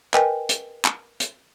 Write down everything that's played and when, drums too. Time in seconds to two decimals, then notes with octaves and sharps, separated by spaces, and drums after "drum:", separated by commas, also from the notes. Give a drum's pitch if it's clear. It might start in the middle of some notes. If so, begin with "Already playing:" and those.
0.14 A#4 B4 D#5 G5 G#5, drum: clap
0.49 drum: hi-hat
0.85 drum: clap
1.20 drum: hi-hat